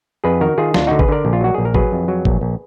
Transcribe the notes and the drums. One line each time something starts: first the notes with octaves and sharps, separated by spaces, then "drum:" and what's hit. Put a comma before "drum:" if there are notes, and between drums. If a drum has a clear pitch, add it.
F2 G#4 B4
D#3 F#4 A#4
D#3 F4 G#4
D2 D4 F4, drum: snare
D3 D#4 F#4
G#4 B4, drum: kick G#1
D3 A#4 D5
A#1
F4
F#3 F#4
A#1 G#4
A#4
F#3 G#4 B4, drum: kick G#1
F2
F#3
A#1, drum: kick G#1
A#1